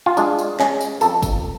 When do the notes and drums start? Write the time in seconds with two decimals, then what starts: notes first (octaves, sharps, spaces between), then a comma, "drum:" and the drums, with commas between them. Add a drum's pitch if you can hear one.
0.06 F4
0.17 G#3 D4, drum: tambourine
0.39 drum: tambourine
0.60 G#3 C#4, drum: clap
0.81 drum: tambourine
1.01 F2 A4, drum: tambourine
1.22 drum: kick, tambourine